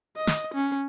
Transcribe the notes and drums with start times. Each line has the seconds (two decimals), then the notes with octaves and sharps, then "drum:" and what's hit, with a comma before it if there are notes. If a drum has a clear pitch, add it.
0.16 D#5
0.27 drum: snare
0.54 C#4